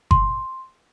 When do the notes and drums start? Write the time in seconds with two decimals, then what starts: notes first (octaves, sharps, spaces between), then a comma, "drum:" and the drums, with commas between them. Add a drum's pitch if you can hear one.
0.11 C6, drum: kick G1